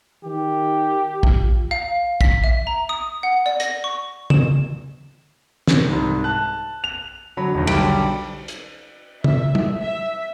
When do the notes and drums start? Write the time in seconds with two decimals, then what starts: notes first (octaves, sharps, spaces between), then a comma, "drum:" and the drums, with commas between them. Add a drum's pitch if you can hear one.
0.24 D#3 G4
1.23 F4, drum: kick
1.71 F5
2.21 B6, drum: kick
2.44 E5
2.67 A#5
2.89 D#6
3.23 F#5
3.46 D5
3.60 A#6, drum: hi-hat
3.84 C#6
4.30 E7, drum: tom
5.67 drum: snare
5.86 C2 G#2
6.24 A5 F#6
6.84 F7
7.37 D3 F#3 B5
7.54 E1 D#2
7.67 B1 D3 G3 D4 G4 D7, drum: cymbal
8.48 drum: hi-hat
9.24 E5, drum: tom
9.55 drum: tom
9.81 E5